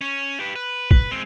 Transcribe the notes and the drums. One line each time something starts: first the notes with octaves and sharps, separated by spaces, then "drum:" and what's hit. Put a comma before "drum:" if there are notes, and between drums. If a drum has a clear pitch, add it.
C#4
G4 B4
B4
B4, drum: kick
G#3 C4